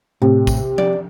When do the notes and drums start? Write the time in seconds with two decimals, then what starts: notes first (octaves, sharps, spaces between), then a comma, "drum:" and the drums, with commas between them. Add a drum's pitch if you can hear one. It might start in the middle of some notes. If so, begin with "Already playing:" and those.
0.22 A2 C3
0.47 drum: kick A#1, tambourine
0.78 D5, drum: tom F3